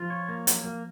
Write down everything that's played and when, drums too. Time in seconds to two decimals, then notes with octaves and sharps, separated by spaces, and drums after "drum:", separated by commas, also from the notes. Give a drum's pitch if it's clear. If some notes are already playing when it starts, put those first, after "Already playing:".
Already playing: F3 F4
0.10 C#5
0.28 A#3
0.47 F#3, drum: hi-hat
0.64 A#3